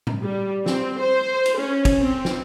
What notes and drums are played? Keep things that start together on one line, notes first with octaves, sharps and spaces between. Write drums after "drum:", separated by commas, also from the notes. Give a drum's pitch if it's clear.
drum: tom A2
G3
C4, drum: snare
C5
drum: cymbal
C#4
drum: kick, cymbal
C4
drum: snare